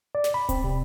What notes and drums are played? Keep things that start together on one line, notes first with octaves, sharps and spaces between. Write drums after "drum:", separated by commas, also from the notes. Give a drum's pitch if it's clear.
D5
drum: snare
B5
C4, drum: kick D1, hi-hat
C3